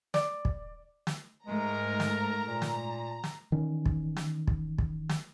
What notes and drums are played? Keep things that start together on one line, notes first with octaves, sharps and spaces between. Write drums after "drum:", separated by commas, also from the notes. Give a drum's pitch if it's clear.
D5, drum: snare
drum: kick
drum: snare
G#2 G#3 A3 A#4 A#5
drum: snare
A#2
drum: snare
drum: snare
D#3 E3 C#4
drum: kick
drum: snare
drum: kick
drum: kick
drum: snare